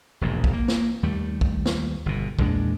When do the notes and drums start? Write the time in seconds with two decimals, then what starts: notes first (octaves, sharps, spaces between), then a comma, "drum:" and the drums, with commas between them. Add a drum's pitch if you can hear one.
0.21 E1 A#1 G#2
0.44 drum: kick
0.53 A#3
0.68 drum: snare
1.03 D#2 G3 A3
1.41 drum: kick
1.66 drum: snare
2.06 G1 B2
2.39 E2 A#2 G#3 D4, drum: kick